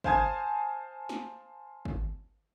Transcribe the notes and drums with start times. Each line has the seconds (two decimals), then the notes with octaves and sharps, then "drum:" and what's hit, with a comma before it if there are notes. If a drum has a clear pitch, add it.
0.04 C5 F5 G#5 A5 D#6 G#6, drum: kick
1.09 drum: snare
1.85 drum: kick